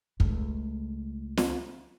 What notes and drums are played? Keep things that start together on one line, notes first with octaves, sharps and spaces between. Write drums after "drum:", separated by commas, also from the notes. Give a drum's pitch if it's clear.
C#2 A3, drum: kick
drum: snare